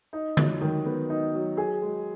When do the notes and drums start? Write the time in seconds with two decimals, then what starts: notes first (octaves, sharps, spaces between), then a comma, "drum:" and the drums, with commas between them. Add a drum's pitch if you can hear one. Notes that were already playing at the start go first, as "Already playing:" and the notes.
0.13 D#4
0.37 F#3, drum: tom D3
0.61 D#3
0.86 B3
1.10 D#4
1.34 F#3
1.57 G#4
1.82 G#3